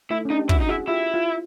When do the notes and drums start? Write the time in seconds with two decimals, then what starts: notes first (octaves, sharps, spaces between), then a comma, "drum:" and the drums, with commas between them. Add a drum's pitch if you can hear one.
0.10 A3 E4
0.25 C#4
0.30 D4 D#4
0.39 G4
0.49 E4 F#4, drum: kick
0.60 D#4
0.69 E4 F#4 G#4
0.87 E4 F4 G4
1.14 F4